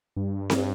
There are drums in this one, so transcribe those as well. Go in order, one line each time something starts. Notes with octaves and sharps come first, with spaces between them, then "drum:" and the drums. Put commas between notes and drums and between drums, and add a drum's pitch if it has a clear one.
G2
drum: snare C4